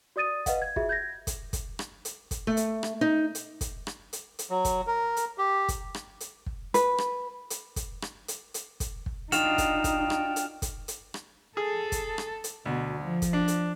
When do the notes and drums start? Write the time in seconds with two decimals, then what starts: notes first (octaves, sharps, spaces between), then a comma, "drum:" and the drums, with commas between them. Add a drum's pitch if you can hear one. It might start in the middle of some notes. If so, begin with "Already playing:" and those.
0.16 F#4 D5 D#6 A6 D#7
0.46 B4 D#5 F5 F#5, drum: kick, hi-hat
0.62 G#6
0.76 F4 F#4 G#4 E5, drum: kick
0.89 G6 G#6 A#6
1.27 drum: kick, hi-hat
1.53 drum: kick, hi-hat
1.79 drum: rim click
2.05 drum: hi-hat
2.31 drum: kick, hi-hat
2.47 A3
2.57 drum: hi-hat
2.83 drum: rim click
3.01 D#4
3.35 drum: hi-hat
3.61 drum: kick, hi-hat
3.87 drum: rim click
4.13 drum: hi-hat
4.39 drum: hi-hat
4.50 F#3
4.65 drum: kick, hi-hat
4.87 A#4
5.17 drum: hi-hat
5.38 G4
5.69 drum: kick, hi-hat
5.94 drum: rim click
6.20 drum: hi-hat
6.46 drum: kick
6.74 B4, drum: hi-hat
6.98 drum: rim click
7.50 drum: hi-hat
7.76 drum: kick, hi-hat
8.02 drum: rim click
8.28 drum: hi-hat
8.54 drum: hi-hat
8.80 drum: kick, hi-hat
9.06 drum: kick
9.32 D4 D#4 F4 F#4 G5 F6 E7 F7, drum: hi-hat
9.58 drum: kick, hi-hat
9.84 drum: kick, hi-hat
10.10 drum: rim click
10.36 drum: hi-hat
10.62 drum: kick, hi-hat
10.88 drum: hi-hat
11.14 drum: rim click
11.57 G#4 A4
11.92 drum: kick, hi-hat
12.18 drum: rim click
12.44 drum: hi-hat
12.66 D2 B2
13.00 F3
13.22 drum: kick, hi-hat
13.33 D4
13.48 drum: hi-hat